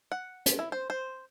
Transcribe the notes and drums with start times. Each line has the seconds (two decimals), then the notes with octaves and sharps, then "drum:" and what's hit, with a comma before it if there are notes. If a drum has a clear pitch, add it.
0.12 F#5
0.46 drum: hi-hat
0.59 E4
0.72 C5
0.90 C5